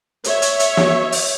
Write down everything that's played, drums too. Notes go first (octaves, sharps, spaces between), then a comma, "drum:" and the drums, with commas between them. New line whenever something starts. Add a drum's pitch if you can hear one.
C#5 E5, drum: hi-hat
drum: hi-hat
drum: hi-hat
drum: snare
drum: open hi-hat